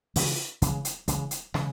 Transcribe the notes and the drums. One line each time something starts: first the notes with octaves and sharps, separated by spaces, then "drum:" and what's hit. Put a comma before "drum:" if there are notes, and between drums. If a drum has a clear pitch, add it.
C#3 E3 G#3, drum: open hi-hat
C#3 E3 G#3, drum: kick, hi-hat
drum: hi-hat
C#3 E3 G#3, drum: kick, hi-hat
drum: hi-hat
C#3 E3 G#3, drum: snare